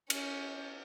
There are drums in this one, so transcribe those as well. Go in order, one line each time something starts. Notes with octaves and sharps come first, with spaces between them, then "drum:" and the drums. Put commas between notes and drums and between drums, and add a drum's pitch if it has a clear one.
C#4, drum: cymbal